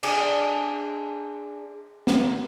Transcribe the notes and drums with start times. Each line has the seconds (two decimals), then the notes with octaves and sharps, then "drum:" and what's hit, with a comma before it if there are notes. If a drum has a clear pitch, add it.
0.03 D4 G#4, drum: cymbal
2.07 drum: snare